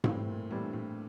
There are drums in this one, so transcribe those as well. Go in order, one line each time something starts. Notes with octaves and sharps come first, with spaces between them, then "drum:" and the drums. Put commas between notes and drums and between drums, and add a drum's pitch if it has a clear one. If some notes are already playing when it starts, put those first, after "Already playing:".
A2 E3 G3 C4, drum: tom G#2
A#2
A2 E3 G3 C4
G2
A2